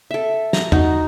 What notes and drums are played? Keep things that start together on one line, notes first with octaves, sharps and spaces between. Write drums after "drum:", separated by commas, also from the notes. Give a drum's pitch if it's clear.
A4 E5
A#5, drum: snare
D#4 F#4, drum: tom